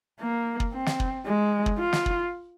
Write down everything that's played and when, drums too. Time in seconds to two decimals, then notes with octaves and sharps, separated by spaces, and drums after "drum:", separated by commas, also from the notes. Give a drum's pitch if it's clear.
0.21 A#3
0.60 drum: kick
0.73 C4
0.86 drum: snare
1.00 drum: kick
1.26 G#3
1.66 drum: kick
1.79 F4
1.93 drum: snare
2.06 drum: kick